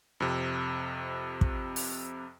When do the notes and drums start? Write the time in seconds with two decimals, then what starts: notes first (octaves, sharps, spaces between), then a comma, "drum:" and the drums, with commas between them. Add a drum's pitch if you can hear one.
0.20 F2 C3
1.41 drum: kick
1.76 drum: open hi-hat